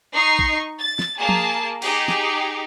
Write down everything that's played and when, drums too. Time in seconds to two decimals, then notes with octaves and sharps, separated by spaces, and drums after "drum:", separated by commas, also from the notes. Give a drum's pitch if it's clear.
0.13 D#4 C#6 C7
0.39 drum: kick A#1
0.79 A6
0.99 drum: snare
1.19 A#3 G#4 A5
1.29 drum: tom F3
1.82 D#4 G4 G#4, drum: cymbal
2.08 drum: snare